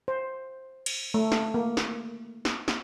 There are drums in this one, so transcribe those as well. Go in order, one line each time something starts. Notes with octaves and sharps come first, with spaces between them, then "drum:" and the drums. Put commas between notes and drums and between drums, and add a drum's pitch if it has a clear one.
C5
drum: cymbal
A3
drum: snare
A#3
drum: snare
drum: snare
drum: snare